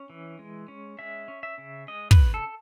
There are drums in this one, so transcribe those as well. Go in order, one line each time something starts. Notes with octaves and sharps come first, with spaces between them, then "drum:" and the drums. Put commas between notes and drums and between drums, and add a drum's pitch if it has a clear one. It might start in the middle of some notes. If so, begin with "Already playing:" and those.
Already playing: C#4
E3
G#3
C#4
G#3 E5
C#4
E5
C#3
G#3 D#5
B4, drum: kick
C#3
A4